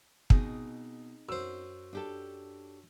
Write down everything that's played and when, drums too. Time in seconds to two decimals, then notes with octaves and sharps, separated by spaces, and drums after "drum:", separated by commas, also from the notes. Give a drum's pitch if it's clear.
0.30 B2 C4 D#4 G#4, drum: kick
1.29 F#2 C5 E6
1.93 D4 G4 A4